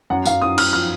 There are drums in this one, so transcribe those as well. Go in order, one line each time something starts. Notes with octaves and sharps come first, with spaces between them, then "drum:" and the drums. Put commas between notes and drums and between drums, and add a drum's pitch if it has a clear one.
F#2 F#5
F#2 F5, drum: tambourine
F#2 D#6
F#2 F6, drum: cymbal
F3 F6